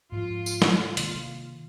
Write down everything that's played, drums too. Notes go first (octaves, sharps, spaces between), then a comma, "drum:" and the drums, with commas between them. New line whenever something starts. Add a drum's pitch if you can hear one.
G#2 F3 F4
drum: tambourine
drum: snare
C3 D#3 A#3, drum: hi-hat